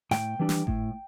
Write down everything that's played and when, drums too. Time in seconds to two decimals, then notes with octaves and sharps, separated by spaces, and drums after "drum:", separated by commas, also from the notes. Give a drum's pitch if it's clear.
0.11 A2 G5, drum: snare
0.39 E3 G3 D4
0.49 drum: snare
0.67 A2, drum: kick G#1